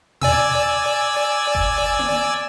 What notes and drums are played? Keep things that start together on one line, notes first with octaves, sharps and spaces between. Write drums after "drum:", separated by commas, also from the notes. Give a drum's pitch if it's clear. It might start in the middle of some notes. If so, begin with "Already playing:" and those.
D5 G#5 E6, drum: tom A#2
drum: kick F#1
drum: tom A#3